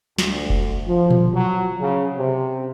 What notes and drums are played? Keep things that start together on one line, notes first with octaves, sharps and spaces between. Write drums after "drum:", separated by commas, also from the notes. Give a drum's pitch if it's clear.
D2, drum: snare
drum: kick F1
F3
drum: tom A#2
F#3
C#3
C3